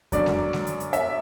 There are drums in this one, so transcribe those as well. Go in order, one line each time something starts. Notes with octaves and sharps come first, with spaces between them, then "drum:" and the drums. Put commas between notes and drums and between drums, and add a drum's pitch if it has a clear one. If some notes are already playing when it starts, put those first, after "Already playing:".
F#2 D3 F#3 D5, drum: kick F2, hi-hat
drum: snare G#3
drum: snare G#3
drum: hi-hat
drum: hi-hat
E5, drum: hi-hat